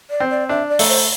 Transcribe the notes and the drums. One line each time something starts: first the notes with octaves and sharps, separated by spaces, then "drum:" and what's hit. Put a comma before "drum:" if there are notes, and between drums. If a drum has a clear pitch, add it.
D5
C4
D5
D4 E5
D5
A3, drum: open hi-hat
C5